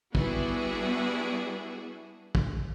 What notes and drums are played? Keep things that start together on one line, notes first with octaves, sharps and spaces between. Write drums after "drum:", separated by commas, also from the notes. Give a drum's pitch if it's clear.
G3 B3 D4 E4 F#4 G#4, drum: kick
drum: kick